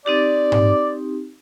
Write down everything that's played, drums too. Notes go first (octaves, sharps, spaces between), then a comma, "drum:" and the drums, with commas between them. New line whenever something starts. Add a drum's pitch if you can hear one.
C4 D#4 G4 D5
drum: tom G#2